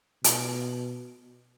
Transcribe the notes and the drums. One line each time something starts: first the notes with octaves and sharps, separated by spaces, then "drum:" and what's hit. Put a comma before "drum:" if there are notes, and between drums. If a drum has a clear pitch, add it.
B2, drum: hi-hat